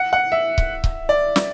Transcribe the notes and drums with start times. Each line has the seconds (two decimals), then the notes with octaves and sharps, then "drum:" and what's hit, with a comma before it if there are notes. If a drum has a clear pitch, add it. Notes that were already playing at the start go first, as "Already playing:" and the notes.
Already playing: F#5
0.13 F#5
0.32 E5
0.58 drum: kick C#1
0.84 drum: kick C#1
1.09 D5
1.36 drum: snare